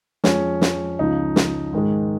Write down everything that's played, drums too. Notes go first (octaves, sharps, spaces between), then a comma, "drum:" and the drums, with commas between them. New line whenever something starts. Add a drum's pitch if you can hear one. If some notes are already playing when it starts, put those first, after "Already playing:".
F2 F3 G#3 C#4, drum: snare
drum: snare
C#2 C#3 F3 D#4
drum: snare
G#2 D#3 G#3